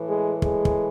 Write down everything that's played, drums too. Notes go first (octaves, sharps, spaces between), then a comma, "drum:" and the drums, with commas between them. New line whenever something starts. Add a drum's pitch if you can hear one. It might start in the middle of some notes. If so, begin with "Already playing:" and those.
Already playing: A2 E3
G#3
G#3, drum: kick
drum: kick